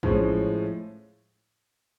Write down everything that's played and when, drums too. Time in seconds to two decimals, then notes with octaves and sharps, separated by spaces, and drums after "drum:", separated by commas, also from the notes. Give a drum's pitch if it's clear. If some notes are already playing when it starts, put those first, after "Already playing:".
0.03 A2 F3 G#3 C#4, drum: kick